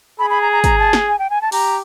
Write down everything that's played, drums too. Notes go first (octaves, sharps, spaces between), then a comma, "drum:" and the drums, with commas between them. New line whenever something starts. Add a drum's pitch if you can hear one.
G#4 B5
B5
A#5
A#5
A#5, drum: kick, hi-hat
A5
drum: snare
G#5
G5
G#5
A5
G4 A#5, drum: open hi-hat